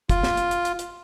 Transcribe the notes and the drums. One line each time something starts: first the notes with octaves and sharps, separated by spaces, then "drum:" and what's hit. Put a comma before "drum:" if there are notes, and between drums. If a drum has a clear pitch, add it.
F4, drum: kick, hi-hat
drum: snare
drum: hi-hat
drum: hi-hat
drum: hi-hat
drum: hi-hat